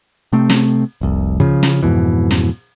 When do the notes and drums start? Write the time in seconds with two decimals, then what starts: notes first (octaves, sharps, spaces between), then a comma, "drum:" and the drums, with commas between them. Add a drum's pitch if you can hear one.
0.33 C3 A3 C4
0.49 drum: snare
1.01 F1 C2
1.40 C#3 F3, drum: kick
1.63 drum: snare
1.83 F2 G#2 B2 E3
2.31 drum: snare